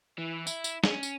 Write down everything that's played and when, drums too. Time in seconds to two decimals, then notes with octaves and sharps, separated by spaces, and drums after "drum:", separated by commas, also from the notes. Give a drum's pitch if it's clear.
0.18 E3
0.47 E4, drum: tambourine
0.64 drum: tambourine
0.84 C#4, drum: snare
1.03 drum: tambourine